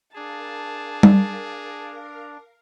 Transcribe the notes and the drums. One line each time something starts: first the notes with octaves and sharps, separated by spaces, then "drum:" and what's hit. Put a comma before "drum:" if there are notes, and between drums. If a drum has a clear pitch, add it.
D4 G#4 A#4 F5 A5
drum: tom G3